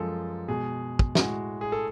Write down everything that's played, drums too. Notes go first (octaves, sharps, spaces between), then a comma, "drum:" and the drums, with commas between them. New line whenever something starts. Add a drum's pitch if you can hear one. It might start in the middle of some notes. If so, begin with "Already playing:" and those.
Already playing: F#2 F3 G#3 A4
B2 G#3 G#4
drum: kick
A2 G#3 F#4, drum: snare
G#4
A4